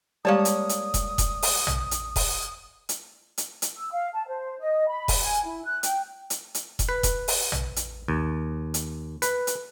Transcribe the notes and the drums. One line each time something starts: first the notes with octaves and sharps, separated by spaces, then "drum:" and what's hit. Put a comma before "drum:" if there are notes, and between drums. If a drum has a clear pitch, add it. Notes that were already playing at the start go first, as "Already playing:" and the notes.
G3 G#3 A#3 G4 C#5 D5 A5 D#6
drum: hi-hat
drum: hi-hat
drum: kick E1, hi-hat
drum: kick E1, hi-hat
drum: open hi-hat
drum: tom A#1
drum: hi-hat
drum: kick E1, open hi-hat
drum: hi-hat
drum: hi-hat
drum: hi-hat
E6
F5
A5
C5
D#5
B5
drum: kick E1, open hi-hat
G#5
E4
F#6
G5, drum: hi-hat
drum: hi-hat
drum: hi-hat
drum: kick E1, hi-hat
B4
drum: kick E1, hi-hat
drum: open hi-hat
drum: tom A#1
drum: hi-hat
D#2
drum: hi-hat
B4, drum: hi-hat
drum: hi-hat